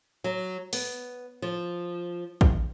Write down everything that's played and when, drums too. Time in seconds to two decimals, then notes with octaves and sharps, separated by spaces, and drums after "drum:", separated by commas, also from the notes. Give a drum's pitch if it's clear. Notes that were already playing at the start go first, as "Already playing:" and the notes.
0.24 F#3
0.73 B3, drum: open hi-hat
1.42 F3
2.41 drum: kick